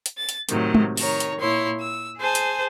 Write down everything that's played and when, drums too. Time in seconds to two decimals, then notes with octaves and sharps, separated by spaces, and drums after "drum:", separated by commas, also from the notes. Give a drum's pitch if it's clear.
0.06 drum: hi-hat
0.18 A6
0.29 drum: hi-hat
0.49 A2 C3 D#3 F#3, drum: hi-hat
0.74 drum: tom
0.97 D#3 C#5 A#5, drum: open hi-hat
1.20 drum: hi-hat
1.40 A#2 E4 C#5 C6
1.82 E6
2.18 G#4 C5 G#5 A5
2.35 drum: hi-hat